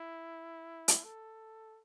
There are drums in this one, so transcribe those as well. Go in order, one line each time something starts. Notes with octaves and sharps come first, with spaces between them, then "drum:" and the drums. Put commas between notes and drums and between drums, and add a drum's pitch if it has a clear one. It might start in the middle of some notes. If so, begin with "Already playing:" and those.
Already playing: E4
drum: hi-hat
A4